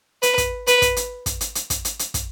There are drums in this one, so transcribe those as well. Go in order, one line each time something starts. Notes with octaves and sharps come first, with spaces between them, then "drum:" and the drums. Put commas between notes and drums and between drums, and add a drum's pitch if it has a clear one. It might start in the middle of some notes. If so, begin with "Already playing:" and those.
B4, drum: hi-hat
drum: kick, hi-hat
B4, drum: hi-hat
drum: kick, hi-hat
drum: hi-hat
drum: kick, hi-hat
drum: hi-hat
drum: hi-hat
drum: kick, hi-hat
drum: hi-hat
drum: hi-hat
drum: kick, hi-hat